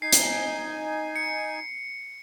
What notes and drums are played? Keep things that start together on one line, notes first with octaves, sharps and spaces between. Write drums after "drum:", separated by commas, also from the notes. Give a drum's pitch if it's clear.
D#4 G#5 C7
drum: hi-hat
C#7